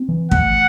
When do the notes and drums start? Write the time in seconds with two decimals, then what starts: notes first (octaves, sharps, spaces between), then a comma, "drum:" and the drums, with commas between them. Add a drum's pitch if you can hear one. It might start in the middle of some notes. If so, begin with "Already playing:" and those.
Already playing: C4
0.09 E3
0.31 A3 F#5, drum: kick